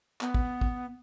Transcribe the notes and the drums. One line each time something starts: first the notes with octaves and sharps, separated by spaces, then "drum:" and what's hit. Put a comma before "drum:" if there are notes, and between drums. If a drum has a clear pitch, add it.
B3, drum: clap
drum: kick
drum: kick